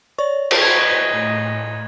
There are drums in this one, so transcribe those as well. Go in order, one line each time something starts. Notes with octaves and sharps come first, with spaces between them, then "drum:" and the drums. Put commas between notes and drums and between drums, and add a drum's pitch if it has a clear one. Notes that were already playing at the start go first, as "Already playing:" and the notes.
C#5 D5 C#6
drum: cymbal
E4 F#4 B4 D#5 G#6
A2